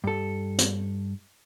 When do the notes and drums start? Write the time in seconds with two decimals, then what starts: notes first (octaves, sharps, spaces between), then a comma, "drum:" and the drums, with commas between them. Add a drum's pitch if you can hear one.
0.04 G2 A4
0.58 drum: hi-hat